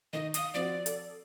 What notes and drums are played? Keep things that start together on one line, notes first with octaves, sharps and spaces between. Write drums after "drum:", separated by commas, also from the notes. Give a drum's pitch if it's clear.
D#3 D#4 D#5
F5 D#6 C7, drum: hi-hat
F3 C4 F#4 D5
A4, drum: hi-hat